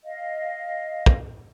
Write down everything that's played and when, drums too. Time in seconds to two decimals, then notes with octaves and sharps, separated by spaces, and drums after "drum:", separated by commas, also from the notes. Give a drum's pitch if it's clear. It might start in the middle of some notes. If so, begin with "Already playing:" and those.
0.04 D#5 F5
1.06 drum: kick